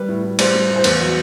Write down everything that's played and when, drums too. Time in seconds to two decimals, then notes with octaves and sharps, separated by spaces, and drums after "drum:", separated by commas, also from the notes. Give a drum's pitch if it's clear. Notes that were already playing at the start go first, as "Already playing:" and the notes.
Already playing: G3 B4
0.09 A2
0.23 A2
0.39 G3 C5, drum: cymbal
0.54 G3
0.70 A2
0.76 C5
0.84 E2 B4, drum: cymbal
1.01 F#3